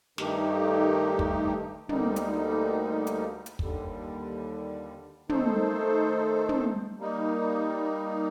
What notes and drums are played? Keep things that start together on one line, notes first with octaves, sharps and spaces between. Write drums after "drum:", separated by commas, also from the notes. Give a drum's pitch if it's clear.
G2 D#3 A3 D#4 G4, drum: snare
drum: kick
D2 D3 G3 A#3 D#4, drum: tom
drum: hi-hat
drum: hi-hat
drum: hi-hat
D#2 D3 G3, drum: kick
D#3 A3 D#4 A4 C5, drum: tom
drum: tom
G3 A#3 D#4